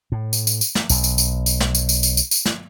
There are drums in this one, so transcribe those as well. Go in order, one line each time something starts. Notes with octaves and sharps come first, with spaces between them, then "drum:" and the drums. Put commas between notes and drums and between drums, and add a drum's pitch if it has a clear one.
A2
drum: tambourine
drum: tambourine
drum: tambourine
drum: snare
B1, drum: tambourine
drum: tambourine
drum: tambourine
drum: tambourine
drum: snare
drum: tambourine
drum: tambourine
drum: tambourine
drum: tambourine
drum: tambourine
drum: snare